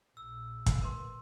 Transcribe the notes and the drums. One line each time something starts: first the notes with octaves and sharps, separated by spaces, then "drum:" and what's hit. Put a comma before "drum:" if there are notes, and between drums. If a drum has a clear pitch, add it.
A#1 E6
drum: kick, hi-hat
A#4 B4 C6